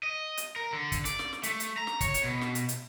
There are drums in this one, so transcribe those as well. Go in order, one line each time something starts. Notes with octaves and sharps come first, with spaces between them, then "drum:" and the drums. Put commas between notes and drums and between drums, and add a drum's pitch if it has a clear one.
D#5
drum: hi-hat
A#4
D3
drum: kick, hi-hat
D5, drum: hi-hat
drum: snare
drum: snare
A3, drum: hi-hat
drum: hi-hat
A#5
drum: snare
C#5, drum: kick, hi-hat
drum: hi-hat
B2
drum: snare
drum: hi-hat
drum: hi-hat